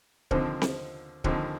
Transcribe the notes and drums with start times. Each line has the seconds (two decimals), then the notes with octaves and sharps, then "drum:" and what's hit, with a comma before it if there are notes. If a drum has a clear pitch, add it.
0.31 D#2 D3 F3 C4, drum: kick D1
0.62 drum: snare C4
1.24 D#2 D3 F3, drum: kick D1